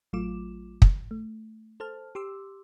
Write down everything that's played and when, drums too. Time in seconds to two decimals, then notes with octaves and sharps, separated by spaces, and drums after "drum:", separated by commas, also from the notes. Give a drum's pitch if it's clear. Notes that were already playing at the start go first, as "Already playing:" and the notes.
0.13 A1 F#3 A3 F4 D6 E7
0.82 drum: kick
1.11 A3
1.80 A4 C5 A5 F6
2.15 G4 C6 D6 E6